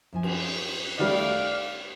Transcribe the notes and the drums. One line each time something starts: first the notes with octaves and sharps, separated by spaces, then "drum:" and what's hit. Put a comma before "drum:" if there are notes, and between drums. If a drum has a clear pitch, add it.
F#2 F3 G#5
drum: cymbal
D#3 G3 A3 D5 F5